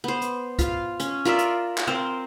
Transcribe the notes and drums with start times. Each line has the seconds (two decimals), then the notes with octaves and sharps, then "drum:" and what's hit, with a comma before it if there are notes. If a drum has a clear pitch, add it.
0.04 B3 C5
0.22 drum: hi-hat
0.59 F4 F5, drum: kick, hi-hat
1.00 C#4, drum: hi-hat
1.25 F4 A#4 D5 E5
1.39 drum: hi-hat
1.78 drum: clap
1.87 C4 A#4 C5